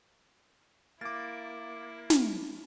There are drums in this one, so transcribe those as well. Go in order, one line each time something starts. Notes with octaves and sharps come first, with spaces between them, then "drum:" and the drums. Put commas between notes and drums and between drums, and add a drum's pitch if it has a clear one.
A#3 E4 D6 A6
drum: snare